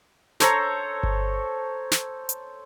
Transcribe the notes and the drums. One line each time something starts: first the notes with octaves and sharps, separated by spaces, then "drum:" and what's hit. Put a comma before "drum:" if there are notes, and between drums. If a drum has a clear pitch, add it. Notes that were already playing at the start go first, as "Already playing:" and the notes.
A4 C5 C#5 A#5, drum: snare
drum: kick G1
drum: snare
drum: hi-hat